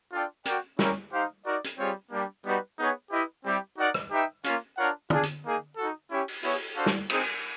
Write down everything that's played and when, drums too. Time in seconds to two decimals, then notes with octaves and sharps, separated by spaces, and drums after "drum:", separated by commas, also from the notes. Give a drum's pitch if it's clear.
0.12 D4 F4 A4 D5 G5
0.45 F#4 A#4 D5 G5, drum: hi-hat
0.79 C#4 E4 G4 A#4, drum: snare
1.12 D#4 G4 C5 F5
1.45 D#4 F#4 A#4 D5
1.64 drum: hi-hat
1.78 G3 C4 F4 G#4 C#5
2.11 G3 A#3 D4 G4
2.44 G3 B3 D#4 F#4 B4
2.78 B3 D#4 G#4 C#5
3.11 E4 G4 B4 D#5
3.45 G3 C4 E4 G4
3.77 D#4 F#4 A#4 D5 F#5
3.94 drum: rim click
4.11 D#4 G4 B4 E5 G5
4.44 A#3 C#4 F4, drum: hi-hat
4.77 D4 F4 A#4 C#5 F#5
5.10 D4 F4 G#4, drum: tom
5.23 drum: hi-hat
5.44 A#3 D#4 G#4
5.77 D#4 F#4 A4
6.10 C#4 E4 G4
6.28 drum: open hi-hat
6.43 B3 E4 G#4 C#5, drum: open hi-hat
6.76 D4 F#4 A4 C5 F5
6.86 drum: snare
7.10 C4 D#4 G#4, drum: cymbal